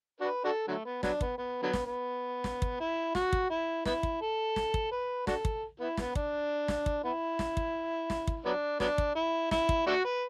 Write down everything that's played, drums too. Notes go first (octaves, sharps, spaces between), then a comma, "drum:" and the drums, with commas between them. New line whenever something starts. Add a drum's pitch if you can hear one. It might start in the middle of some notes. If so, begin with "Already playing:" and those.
D4 F#4 B4
D4 F#4 A4
D3 F#3 A3
B3
F#3 B3 D4, drum: snare
B3, drum: kick
B3
D3 F#3 B3
drum: snare
B3
drum: snare
drum: kick
E4
F#4, drum: snare
drum: kick
E4
B3 E4, drum: snare
drum: kick
A4
drum: snare
drum: kick
B4
D4 F#4 A4, drum: snare
drum: kick
B3 E4
B3, drum: snare
D4, drum: kick
drum: snare
drum: kick
B3 E4
drum: snare
drum: kick
drum: snare
drum: kick
F#3 B3 D4
F#3 B3 D4, drum: snare
drum: kick
E4
E4, drum: snare
drum: kick
A3 D4 F#4
B4